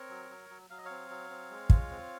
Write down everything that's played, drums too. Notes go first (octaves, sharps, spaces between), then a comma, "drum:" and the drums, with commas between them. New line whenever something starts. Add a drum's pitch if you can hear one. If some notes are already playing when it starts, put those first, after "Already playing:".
Already playing: C4 A#4 C#5
F#3
F#3
F#3
F#3 F5
D#5
C4 C#5 F5
F#3
C4
G#3
F4, drum: kick
C4